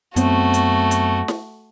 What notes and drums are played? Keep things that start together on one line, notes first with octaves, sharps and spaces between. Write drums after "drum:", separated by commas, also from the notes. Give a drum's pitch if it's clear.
F#2 A3 B3 C4 F#4, drum: hi-hat
drum: hi-hat
drum: hi-hat
drum: snare